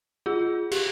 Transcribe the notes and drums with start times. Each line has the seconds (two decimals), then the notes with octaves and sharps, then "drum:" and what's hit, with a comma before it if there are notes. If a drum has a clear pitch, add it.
0.26 F4 G#4
0.72 G4, drum: cymbal